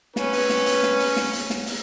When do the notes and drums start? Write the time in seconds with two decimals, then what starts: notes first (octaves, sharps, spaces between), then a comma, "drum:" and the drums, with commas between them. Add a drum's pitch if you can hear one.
0.16 C#4 B4, drum: snare
0.33 drum: open hi-hat
0.50 drum: snare
0.66 drum: hi-hat
0.83 drum: snare
1.00 drum: open hi-hat
1.16 drum: snare
1.33 drum: hi-hat
1.50 drum: snare
1.67 drum: open hi-hat